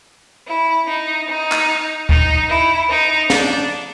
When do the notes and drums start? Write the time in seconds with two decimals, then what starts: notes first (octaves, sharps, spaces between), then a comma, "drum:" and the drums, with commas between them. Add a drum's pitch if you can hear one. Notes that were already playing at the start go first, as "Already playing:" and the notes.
0.48 E4
0.88 D#4
1.28 D#4
1.52 drum: clap
2.09 D#4, drum: kick D2
2.49 E4
2.90 D#4
3.30 D4, drum: snare